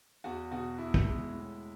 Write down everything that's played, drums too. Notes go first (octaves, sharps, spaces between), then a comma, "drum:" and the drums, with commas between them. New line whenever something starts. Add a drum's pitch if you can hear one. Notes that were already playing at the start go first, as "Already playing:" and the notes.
E2 F#4
B2 F#4
E2 E4
drum: kick
G#3
A2